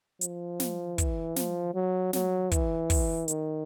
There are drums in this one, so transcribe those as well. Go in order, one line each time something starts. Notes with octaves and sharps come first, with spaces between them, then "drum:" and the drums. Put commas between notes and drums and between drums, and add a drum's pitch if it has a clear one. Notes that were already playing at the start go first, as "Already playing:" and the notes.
F3, drum: hi-hat
drum: snare
E3, drum: kick, hi-hat
F3, drum: snare
F#3
F#3, drum: snare
E3, drum: kick, hi-hat
drum: kick, open hi-hat
D#3, drum: hi-hat